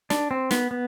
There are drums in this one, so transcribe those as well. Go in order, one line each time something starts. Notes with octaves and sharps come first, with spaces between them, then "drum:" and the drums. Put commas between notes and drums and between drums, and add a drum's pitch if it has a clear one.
D4, drum: snare
C4
B3, drum: snare
B3